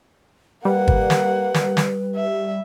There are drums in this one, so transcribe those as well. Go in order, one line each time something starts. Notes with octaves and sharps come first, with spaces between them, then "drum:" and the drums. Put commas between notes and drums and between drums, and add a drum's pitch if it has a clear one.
G3 A#3 B4 F#5
drum: kick
drum: snare
drum: snare
drum: snare
E5